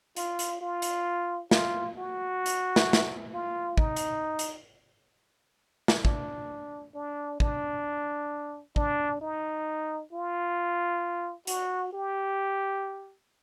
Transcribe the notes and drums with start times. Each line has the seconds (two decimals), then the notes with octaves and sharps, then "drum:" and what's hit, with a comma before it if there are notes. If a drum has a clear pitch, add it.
0.16 F4, drum: hi-hat
0.39 drum: hi-hat
0.61 F4
0.82 drum: hi-hat
1.51 F4, drum: snare
1.97 F#4
2.46 drum: hi-hat
2.76 drum: snare
2.93 drum: snare
3.33 F4
3.78 D#4, drum: kick
3.96 drum: hi-hat
4.39 drum: hi-hat
5.88 drum: snare
6.05 D4, drum: kick
6.94 D4
7.40 D4, drum: kick
8.76 D4, drum: kick
9.21 D#4
10.13 F4
11.47 F#4, drum: hi-hat
11.93 G4